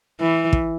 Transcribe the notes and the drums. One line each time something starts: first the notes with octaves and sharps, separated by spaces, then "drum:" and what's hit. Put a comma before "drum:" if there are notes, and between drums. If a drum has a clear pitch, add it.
E3
drum: kick